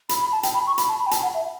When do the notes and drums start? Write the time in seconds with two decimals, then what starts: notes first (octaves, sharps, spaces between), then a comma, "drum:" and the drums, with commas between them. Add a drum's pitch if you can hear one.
0.09 B5, drum: hi-hat
0.21 B5
0.32 A5
0.43 G5, drum: hi-hat
0.55 B5
0.67 C#6
0.78 B5, drum: hi-hat
0.89 A5
1.00 B5
1.06 G5
1.11 A5, drum: hi-hat
1.23 F#5
1.34 E5